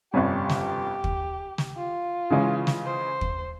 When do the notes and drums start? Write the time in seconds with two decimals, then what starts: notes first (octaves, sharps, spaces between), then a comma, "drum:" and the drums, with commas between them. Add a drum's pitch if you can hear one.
0.13 G1 F2 C3 G3 C#4 G4
0.50 drum: snare
1.04 drum: kick
1.58 drum: snare
1.77 F4
2.30 C#3 E3 G#3 C#4
2.67 drum: snare
2.85 C5
3.21 drum: kick